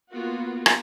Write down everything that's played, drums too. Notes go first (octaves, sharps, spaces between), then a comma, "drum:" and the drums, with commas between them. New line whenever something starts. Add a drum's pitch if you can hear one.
A#3 B3 F4 F#4
drum: rim click